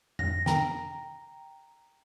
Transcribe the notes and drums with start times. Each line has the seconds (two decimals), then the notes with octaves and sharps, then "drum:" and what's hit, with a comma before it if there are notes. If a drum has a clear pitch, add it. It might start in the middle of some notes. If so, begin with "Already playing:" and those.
0.19 A#6, drum: tom F2
0.46 G5 A#5, drum: snare